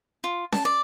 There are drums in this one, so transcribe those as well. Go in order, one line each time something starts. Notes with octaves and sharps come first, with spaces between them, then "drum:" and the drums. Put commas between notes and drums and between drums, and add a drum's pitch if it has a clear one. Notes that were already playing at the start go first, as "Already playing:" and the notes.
F4
A5, drum: snare C#4
D5